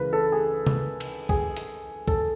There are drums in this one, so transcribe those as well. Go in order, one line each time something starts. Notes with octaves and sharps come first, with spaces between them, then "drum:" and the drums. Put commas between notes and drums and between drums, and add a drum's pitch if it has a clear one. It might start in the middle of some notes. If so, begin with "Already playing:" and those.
Already playing: C#2 C#3 E3 A#4 B4
A4
G#4
drum: tom C3
drum: cymbal
G#4, drum: kick
drum: hi-hat
A4, drum: kick